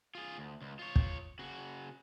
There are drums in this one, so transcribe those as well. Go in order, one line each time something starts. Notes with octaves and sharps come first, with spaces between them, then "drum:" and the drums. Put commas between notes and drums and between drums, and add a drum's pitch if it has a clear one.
F4 G#4
D2
C#2
F4 C#5
drum: kick
C#3 F#4